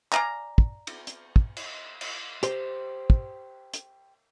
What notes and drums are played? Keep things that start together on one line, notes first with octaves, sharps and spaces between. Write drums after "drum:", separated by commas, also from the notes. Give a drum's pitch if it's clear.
D5 F5 G#5 A#5, drum: clap
drum: kick
drum: cymbal
drum: hi-hat
drum: kick
drum: cymbal
drum: cymbal
G4 C5, drum: hi-hat
drum: kick
drum: hi-hat